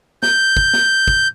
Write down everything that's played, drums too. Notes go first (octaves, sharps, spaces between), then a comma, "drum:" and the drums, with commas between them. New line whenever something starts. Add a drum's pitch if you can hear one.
G6, drum: snare
drum: kick
drum: snare
drum: kick